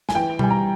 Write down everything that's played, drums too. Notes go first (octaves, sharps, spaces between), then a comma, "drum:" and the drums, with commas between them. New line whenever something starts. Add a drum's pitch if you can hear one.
G#5, drum: snare
E3 G5
G3 G#5, drum: tom B2
A#5